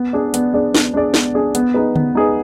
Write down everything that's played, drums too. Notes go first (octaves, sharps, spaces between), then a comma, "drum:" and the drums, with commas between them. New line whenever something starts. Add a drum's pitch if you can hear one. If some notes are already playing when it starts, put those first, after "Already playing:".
Already playing: B3
D4 G#4 D5
B3, drum: hi-hat
D4 G#4 D5
B3, drum: snare
D4 G#4 D5
B3, drum: snare
D4 G#4 D5
B3, drum: hi-hat
D#4 G#4 B4
B3, drum: tom D3
D#4 G#4 B4